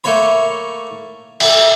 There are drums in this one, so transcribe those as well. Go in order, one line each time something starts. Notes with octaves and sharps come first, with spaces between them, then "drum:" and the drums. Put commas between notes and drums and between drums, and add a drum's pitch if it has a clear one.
A3 A#3 C#5 B5
A4 E5, drum: cymbal